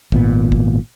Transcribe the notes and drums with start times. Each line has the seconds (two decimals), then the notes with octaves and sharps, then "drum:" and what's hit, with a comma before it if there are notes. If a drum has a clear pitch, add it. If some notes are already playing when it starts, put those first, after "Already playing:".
0.12 G#1 A#2 B3, drum: kick
0.52 drum: kick